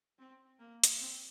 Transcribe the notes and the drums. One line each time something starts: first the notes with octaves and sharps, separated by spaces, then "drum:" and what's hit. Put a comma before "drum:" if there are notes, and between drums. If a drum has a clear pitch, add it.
C4
A#3
drum: hi-hat
C4